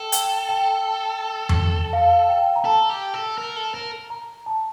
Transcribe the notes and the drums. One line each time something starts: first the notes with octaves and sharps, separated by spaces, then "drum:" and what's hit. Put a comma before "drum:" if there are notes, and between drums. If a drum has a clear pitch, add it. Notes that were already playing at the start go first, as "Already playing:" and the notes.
Already playing: A4 G5
G5, drum: hi-hat
G5
drum: tom F2
F5
G5
A#5
A4 A5
G4
A4
A#4
A4
A#4
A#5
A5